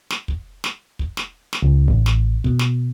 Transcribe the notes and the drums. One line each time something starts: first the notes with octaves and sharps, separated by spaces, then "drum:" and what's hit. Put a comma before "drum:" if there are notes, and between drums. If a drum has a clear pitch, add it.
drum: snare
drum: kick
drum: snare
drum: kick
drum: snare
drum: snare
C#2
A1
drum: snare
B2, drum: kick
drum: snare